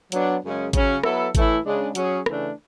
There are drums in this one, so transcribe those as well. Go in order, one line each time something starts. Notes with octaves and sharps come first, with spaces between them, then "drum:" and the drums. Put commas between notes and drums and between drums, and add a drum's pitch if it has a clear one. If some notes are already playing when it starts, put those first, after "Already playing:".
F#3 B3 D4, drum: hi-hat
F#2 C#3 G#3 C#4
C#3 F#3 C#4, drum: kick G#1, hi-hat
F#3 B3 E4 A4, drum: rim click
A2 E3 A3 E4, drum: kick G#1, hi-hat
C#3 G#3 D4
F#3 C#4 G#4, drum: hi-hat
C#3 E3 A3 D4, drum: rim click